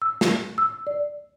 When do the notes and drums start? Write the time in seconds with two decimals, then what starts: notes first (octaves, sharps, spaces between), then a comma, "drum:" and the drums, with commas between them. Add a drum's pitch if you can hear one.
0.02 E6
0.21 drum: snare
0.58 E6
0.87 D5